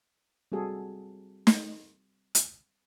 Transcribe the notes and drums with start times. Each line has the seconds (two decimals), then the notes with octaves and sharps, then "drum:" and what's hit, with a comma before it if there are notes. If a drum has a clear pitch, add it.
0.52 G3 C4 F#4 G#4 A4
1.47 drum: snare
2.35 drum: hi-hat